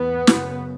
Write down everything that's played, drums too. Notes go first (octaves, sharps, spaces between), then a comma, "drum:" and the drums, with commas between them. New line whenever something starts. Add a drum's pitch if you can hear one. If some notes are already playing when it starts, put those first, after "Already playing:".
Already playing: E2 B3
F#2 C#3, drum: snare